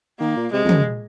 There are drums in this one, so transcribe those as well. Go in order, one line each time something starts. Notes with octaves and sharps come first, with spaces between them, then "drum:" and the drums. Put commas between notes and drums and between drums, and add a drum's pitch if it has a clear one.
D#3 A#3
A#2
C3 G#3
F2
F#2, drum: tom